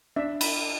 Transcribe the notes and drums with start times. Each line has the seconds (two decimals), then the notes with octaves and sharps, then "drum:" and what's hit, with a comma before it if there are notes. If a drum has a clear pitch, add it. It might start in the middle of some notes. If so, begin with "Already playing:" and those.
0.16 D4 E5
0.41 B5, drum: cymbal